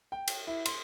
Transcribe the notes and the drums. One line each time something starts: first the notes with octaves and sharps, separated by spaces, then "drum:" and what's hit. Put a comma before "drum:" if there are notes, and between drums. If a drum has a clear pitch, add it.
G5
drum: cymbal
E4
C6, drum: cymbal